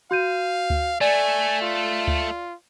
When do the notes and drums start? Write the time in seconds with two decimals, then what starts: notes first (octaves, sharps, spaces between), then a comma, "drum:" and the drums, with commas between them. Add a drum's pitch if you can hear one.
0.11 F#4 F5 G6 D#7
0.70 drum: kick D2
1.01 A3 D5 G#5 A6
1.62 F4
2.08 drum: kick D2